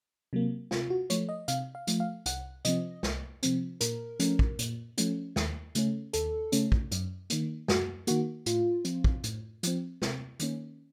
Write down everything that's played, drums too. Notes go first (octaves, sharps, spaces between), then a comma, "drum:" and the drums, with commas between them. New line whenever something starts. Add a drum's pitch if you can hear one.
C3 F#3 A#3
C3 F4, drum: snare
F#4
F3 A3 C#5, drum: hi-hat
D#5
C3 F5, drum: hi-hat
F5
F3 A3, drum: hi-hat
F5
C2 F#5, drum: hi-hat
C3 F3 C4 D#5, drum: hi-hat
C2, drum: snare
C3 F3 C4, drum: hi-hat
A#2 A#4, drum: hi-hat
F3 A3 C#4, drum: hi-hat
drum: kick
A#2, drum: hi-hat
F3 A3 C#4, drum: hi-hat
D#2, drum: snare
C#3 A3 C#4, drum: hi-hat
D#2 A4, drum: hi-hat
C#3 A3 C#4, drum: hi-hat
drum: kick
F#2, drum: hi-hat
D#3 A#3, drum: hi-hat
F#2 F#4, drum: snare
D#3 A#3 F#4, drum: hi-hat
A2 F4, drum: hi-hat
F3 C4, drum: hi-hat
drum: kick
A2, drum: hi-hat
F3 C4, drum: hi-hat
C3, drum: snare
D#3 A#3 C#4, drum: hi-hat